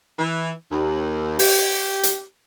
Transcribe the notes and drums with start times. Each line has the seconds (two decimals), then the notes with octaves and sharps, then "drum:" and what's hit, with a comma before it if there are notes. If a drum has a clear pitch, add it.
0.18 E3
0.71 D#2
1.39 G4, drum: open hi-hat
2.03 drum: hi-hat